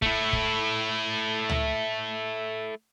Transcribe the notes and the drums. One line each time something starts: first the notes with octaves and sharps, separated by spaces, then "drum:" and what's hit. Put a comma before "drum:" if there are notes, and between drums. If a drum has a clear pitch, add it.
A3 E4, drum: kick
drum: kick
drum: tom C#2